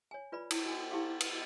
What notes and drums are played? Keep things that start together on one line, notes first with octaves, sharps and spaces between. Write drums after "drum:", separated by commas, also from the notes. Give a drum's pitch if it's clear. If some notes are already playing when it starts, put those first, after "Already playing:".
C#5 G#5
F4 B4 D5 B5
E4, drum: cymbal
F#4 G#5
E4 G4 F5 D6
B4 F#5, drum: cymbal